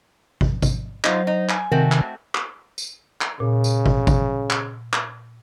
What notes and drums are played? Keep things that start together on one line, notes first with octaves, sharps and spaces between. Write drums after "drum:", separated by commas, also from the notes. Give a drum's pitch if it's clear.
drum: kick
drum: kick, tambourine
F#3 D#4 F4 C5, drum: clap
D#4
G#5, drum: clap
C3 D#3 A3 C4 F#4
drum: clap
drum: clap
drum: tambourine
drum: clap
A#2 C#3
drum: tambourine
drum: kick
drum: kick, tambourine
drum: clap
drum: clap